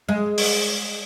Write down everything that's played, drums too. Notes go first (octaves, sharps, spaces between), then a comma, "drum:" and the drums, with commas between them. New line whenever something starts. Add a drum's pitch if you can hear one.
G#3
drum: open hi-hat